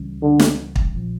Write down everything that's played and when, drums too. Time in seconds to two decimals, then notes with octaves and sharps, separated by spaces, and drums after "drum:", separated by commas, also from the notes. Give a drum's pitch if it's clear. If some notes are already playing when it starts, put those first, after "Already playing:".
Already playing: C#2 C#3 E3 G3 C#4
0.22 D3
0.40 drum: snare
0.76 drum: kick
0.93 A#1 A#2 F3